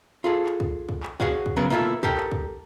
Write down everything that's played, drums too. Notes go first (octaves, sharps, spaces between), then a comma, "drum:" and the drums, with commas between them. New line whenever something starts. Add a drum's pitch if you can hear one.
F4 G#4 A4
drum: clap
drum: kick
drum: kick
drum: clap
F#4 G#4 C#5 F5 F#5, drum: kick
drum: kick
C#3 F#3 B3 A#4 B4
A#3 B3 E4 F4 G#4 A4
G4 A4 A#4 G5, drum: kick
drum: clap
drum: kick